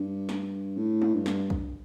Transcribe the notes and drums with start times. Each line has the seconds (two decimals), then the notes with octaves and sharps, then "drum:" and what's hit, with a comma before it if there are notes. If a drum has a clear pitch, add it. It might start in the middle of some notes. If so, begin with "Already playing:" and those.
Already playing: G2
0.29 drum: snare
0.77 A2
1.02 drum: tom G3
1.14 G2
1.26 drum: snare
1.50 drum: kick